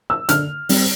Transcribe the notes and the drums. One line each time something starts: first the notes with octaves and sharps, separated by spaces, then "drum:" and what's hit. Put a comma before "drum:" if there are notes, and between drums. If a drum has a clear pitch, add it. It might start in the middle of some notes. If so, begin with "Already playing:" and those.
E6
D3 F6, drum: hi-hat
G3 C4, drum: open hi-hat